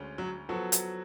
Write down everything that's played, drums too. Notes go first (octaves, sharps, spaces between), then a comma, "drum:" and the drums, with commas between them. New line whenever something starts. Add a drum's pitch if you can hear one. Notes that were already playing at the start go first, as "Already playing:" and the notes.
Already playing: D2 D3 G#3 C#4
F#3
F3 F#3 B3 F#4 A4
drum: hi-hat